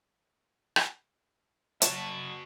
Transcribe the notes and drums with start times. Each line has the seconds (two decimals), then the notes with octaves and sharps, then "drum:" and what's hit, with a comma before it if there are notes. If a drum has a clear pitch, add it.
0.76 drum: rim click
1.82 F#3 F#4 A5, drum: hi-hat